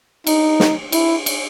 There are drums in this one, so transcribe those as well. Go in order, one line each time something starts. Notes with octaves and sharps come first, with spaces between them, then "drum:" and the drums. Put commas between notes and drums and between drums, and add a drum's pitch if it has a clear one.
D#4, drum: cymbal
drum: snare
E4, drum: cymbal
drum: cymbal